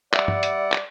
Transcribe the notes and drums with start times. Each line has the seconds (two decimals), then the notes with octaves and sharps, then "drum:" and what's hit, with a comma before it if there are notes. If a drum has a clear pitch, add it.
0.13 G3 D5 E5 F#5, drum: clap
0.28 drum: tom G2
0.43 drum: hi-hat
0.72 drum: clap